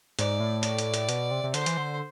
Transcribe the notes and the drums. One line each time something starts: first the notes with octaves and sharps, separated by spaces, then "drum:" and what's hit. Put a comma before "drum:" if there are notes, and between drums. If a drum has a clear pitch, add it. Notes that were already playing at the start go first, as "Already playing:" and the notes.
G#2 D5, drum: hi-hat
A2
D5, drum: hi-hat
drum: hi-hat
drum: hi-hat
B2, drum: hi-hat
C3
C3
D3 C5, drum: hi-hat
E3, drum: hi-hat
D3